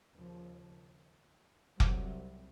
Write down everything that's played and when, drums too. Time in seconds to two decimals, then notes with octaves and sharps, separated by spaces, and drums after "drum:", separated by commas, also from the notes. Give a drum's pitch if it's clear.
0.15 D#2 C#3 F3
1.80 C2 C3 F#3, drum: kick F1